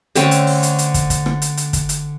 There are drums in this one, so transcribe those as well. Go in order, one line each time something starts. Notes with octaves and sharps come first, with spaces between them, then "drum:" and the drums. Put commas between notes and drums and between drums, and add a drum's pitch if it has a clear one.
D3 A3 C4 C#4, drum: hi-hat
drum: hi-hat
drum: open hi-hat
drum: hi-hat
drum: hi-hat
drum: kick, hi-hat
drum: kick, hi-hat
drum: rim click
drum: hi-hat
drum: hi-hat
drum: kick, hi-hat
drum: hi-hat